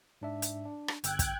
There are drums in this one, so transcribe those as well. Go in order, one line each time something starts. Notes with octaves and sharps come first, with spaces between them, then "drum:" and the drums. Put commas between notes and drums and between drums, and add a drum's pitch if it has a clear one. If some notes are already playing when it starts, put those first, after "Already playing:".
G#2 D4 E5
drum: hi-hat
D4
drum: rim click
G1 G5 E6 F#6 G#6, drum: hi-hat
drum: kick, hi-hat